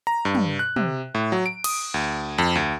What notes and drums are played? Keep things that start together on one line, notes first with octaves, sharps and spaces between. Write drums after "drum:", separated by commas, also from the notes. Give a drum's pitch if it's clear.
A#5
G2
drum: tom
F#6
C3, drum: tom
A2
F#3
D7
D#6, drum: cymbal
D2
F2
D2